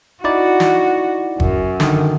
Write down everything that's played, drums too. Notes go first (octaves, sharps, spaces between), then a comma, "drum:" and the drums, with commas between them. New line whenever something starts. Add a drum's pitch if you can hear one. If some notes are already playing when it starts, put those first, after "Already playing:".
D#4 E4 F#4 D5
drum: snare
F#2, drum: kick
D3 D#3, drum: snare